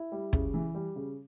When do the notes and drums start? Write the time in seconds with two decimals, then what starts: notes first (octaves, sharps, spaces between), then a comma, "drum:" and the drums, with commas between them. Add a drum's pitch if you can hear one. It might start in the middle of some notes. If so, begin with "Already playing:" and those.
Already playing: E4
0.12 G3
0.33 C#3, drum: kick
0.54 E3
0.74 G3
0.96 C#3